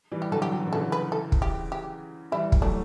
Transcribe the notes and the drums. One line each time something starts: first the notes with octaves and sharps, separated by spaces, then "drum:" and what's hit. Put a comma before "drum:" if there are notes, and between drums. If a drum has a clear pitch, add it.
E3 G3
G4
D3 F#3 A4
G4
F#3
E3
D3
C#3 E3 A4
B4
A4
drum: kick
G4
G4
E3 G3 E4
drum: kick
F#3 A3 D4